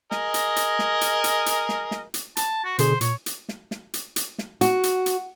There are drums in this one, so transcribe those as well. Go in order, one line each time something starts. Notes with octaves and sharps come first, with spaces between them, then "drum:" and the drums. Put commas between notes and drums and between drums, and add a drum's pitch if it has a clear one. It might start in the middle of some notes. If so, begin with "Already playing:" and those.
G#4 A#4 D#5, drum: snare
drum: hi-hat
drum: hi-hat
drum: snare
drum: hi-hat
drum: hi-hat
drum: hi-hat
drum: snare
drum: snare
drum: hi-hat
A5, drum: hi-hat
F#4
B2 D3 G#4 C5, drum: hi-hat
A#2 C#5, drum: hi-hat
drum: hi-hat
drum: snare
drum: snare
drum: hi-hat
drum: hi-hat
drum: snare
F#4, drum: hi-hat
drum: hi-hat
drum: hi-hat